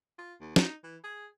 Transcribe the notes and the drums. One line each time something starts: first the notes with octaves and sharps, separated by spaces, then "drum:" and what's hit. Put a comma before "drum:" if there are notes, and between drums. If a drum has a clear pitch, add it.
F4
D#2
D#4, drum: snare
E3
G#4